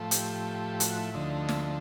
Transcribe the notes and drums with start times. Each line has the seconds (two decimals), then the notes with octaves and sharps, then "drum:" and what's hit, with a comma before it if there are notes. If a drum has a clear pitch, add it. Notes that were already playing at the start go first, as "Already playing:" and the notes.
Already playing: A2 F3 A3
0.11 G4, drum: hi-hat
0.80 F#4, drum: hi-hat
0.97 E4
1.14 D2 D3 F3 A3 D#4
1.49 E4, drum: snare
1.60 D#4